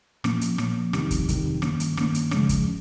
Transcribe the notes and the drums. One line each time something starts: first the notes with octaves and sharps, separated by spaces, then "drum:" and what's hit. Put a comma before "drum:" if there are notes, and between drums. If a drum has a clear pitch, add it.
A#2 F3 A#3 C#4, drum: rim click
drum: hi-hat
A#2 F3 A#3 C#4, drum: rim click
F2 C3 D#3 G3, drum: rim click
drum: kick, hi-hat
F2 C3 D#3 G3, drum: kick, hi-hat
G2 D#3 A#3 C#4, drum: rim click
drum: hi-hat
G2 D#3 A#3 C#4, drum: rim click
drum: hi-hat
C#3 F3 G#3 C#4, drum: rim click
drum: kick, hi-hat